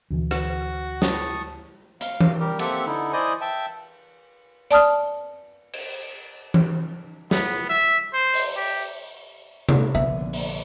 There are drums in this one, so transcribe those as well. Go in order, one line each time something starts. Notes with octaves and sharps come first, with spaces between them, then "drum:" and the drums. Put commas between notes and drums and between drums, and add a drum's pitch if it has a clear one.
D2 B2 E3
F#4, drum: rim click
A5 C#6 D#6, drum: snare
F5, drum: hi-hat
drum: tom E3
G3 G4 A#4
A#3 C4 G4 A4 E5 F#5, drum: cymbal
D3 D#4 E4 A4
E4 C5 D5 D#5 G#5 D#6
E5 G5 A5
D5 A5 D#6 F6, drum: hi-hat
drum: cymbal
drum: tom E3
B3, drum: snare
E5
C5
drum: open hi-hat
G4
drum: tom C3
A#1 D3 B3 E5
drum: open hi-hat